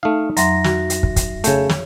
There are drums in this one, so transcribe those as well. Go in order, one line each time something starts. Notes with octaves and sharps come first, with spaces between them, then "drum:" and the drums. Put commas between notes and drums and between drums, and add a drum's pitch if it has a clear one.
A3 D#4 F5
F2 F#3 E5 A#5 C6 A#6, drum: hi-hat
F#4, drum: snare
drum: hi-hat
drum: kick
drum: kick, hi-hat
C#3 A3 C#5 G6, drum: hi-hat
drum: snare